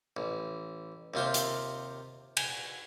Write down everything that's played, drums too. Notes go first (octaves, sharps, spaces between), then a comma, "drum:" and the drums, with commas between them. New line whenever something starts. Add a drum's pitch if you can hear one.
A1
D#2 C3 F4 C5
drum: hi-hat
G#5, drum: cymbal